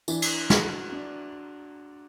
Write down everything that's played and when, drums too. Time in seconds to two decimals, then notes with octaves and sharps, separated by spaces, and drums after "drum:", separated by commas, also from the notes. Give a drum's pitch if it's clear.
0.08 E3 D4, drum: tambourine
0.22 drum: cymbal
0.50 F#4, drum: snare
0.92 D4